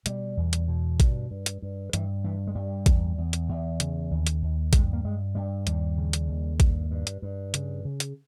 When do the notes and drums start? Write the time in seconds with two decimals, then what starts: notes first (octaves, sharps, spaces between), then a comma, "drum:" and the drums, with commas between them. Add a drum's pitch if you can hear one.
0.06 B2 G3, drum: hi-hat
0.37 E2
0.53 drum: hi-hat
0.68 B2
1.00 G2, drum: kick A1, hi-hat
1.31 G2
1.46 drum: hi-hat
1.62 G2
1.93 G2 E3, drum: hi-hat
2.24 G2 E3
2.47 G#3
2.55 G2 G3
2.86 E2, drum: kick A1, hi-hat
3.18 E2
3.33 drum: hi-hat
3.49 E2
3.80 C#3, drum: hi-hat
4.11 D#2
4.27 drum: hi-hat
4.42 D#2
4.73 G2 G#3, drum: kick A1, hi-hat
4.93 A#3
5.04 G2 G#3
5.35 G2 G3
5.67 D#2 G3, drum: hi-hat
5.98 C#3
6.13 drum: hi-hat
6.29 D#2
6.60 G2, drum: kick A1, hi-hat
6.91 G2
7.07 drum: hi-hat
7.22 G2
7.54 C#3, drum: hi-hat
7.85 C#3
8.00 drum: hi-hat